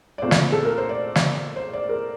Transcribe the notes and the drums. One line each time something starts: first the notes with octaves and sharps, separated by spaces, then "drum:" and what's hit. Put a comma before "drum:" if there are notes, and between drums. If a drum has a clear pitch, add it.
D5
A#2 A3 C4 C5
drum: snare
A4
A#4
C5
D5
drum: snare
C5
D5
A#4